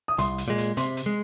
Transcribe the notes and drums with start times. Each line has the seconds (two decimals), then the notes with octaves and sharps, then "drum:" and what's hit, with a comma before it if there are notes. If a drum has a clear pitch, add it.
0.08 D#6
0.18 C2 C6, drum: hi-hat
0.38 drum: hi-hat
0.48 A#2 G#3
0.58 drum: hi-hat
0.77 C3 C6, drum: hi-hat
0.97 drum: hi-hat
1.06 G#3